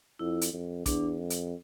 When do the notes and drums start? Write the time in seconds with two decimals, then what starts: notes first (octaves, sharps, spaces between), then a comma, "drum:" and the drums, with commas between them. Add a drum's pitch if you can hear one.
0.19 F2 E4
0.41 drum: hi-hat
0.53 F2
0.86 E2 D4, drum: kick, hi-hat
1.19 F2
1.30 drum: hi-hat